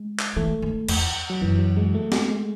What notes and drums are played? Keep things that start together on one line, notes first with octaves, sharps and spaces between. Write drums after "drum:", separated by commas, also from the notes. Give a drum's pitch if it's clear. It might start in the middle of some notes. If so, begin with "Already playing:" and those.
Already playing: G#3
drum: clap
E3 A3
D#3
E2, drum: cymbal
F#3
F#2 E3
F#3
G#3
A3
G#3, drum: snare
G#3